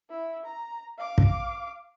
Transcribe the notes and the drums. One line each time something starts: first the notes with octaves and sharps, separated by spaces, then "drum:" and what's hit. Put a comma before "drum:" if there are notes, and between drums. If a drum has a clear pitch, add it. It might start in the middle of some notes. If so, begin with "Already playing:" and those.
E4
A#5
F5 D6
drum: kick